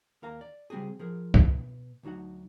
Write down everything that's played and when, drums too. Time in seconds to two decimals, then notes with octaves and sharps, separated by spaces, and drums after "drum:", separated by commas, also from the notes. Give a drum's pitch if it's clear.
0.22 D#2 A#4 F5 A#5
0.41 D5
0.70 C#3 G3 C4 F#4 G#4
0.99 F3 G#4 A#4
1.34 drum: kick C2
1.43 B2
2.03 D2 F#3 D#4 F#4 F#5